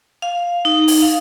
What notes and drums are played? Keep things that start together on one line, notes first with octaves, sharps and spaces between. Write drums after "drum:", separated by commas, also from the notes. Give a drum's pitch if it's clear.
F5
D#4
drum: open hi-hat
F5